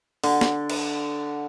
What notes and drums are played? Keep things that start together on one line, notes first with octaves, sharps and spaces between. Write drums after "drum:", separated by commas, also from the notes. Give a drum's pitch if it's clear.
D3, drum: open hi-hat
drum: snare
drum: cymbal